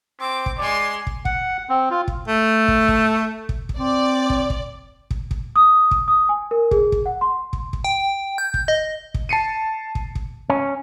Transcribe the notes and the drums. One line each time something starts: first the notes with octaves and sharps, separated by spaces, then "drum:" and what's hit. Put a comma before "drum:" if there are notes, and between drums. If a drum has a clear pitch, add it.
C4 D6
drum: kick
G#3 D5 C6
drum: kick
F#5, drum: kick
C4
F4
drum: kick
A3
drum: kick
drum: kick
drum: kick
drum: kick
C4 D5
drum: kick
drum: kick
drum: kick
drum: kick
D#6
drum: kick
D#6
G#5
A#4
G#4, drum: kick
drum: kick
F#5
C6
drum: kick
drum: kick
G5
G6
drum: kick
D#5
drum: kick
A5 C7 C#7 D#7
drum: kick
drum: kick
C#4